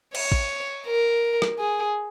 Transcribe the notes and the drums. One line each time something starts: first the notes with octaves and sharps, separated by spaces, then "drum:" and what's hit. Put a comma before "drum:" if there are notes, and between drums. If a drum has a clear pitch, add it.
C#5, drum: cymbal
drum: kick
A#4
drum: rim click
G#4